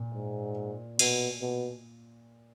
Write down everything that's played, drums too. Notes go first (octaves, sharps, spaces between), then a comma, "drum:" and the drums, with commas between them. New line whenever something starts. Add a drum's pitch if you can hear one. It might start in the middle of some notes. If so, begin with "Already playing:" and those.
Already playing: A#2
G#2
B2, drum: cymbal
B2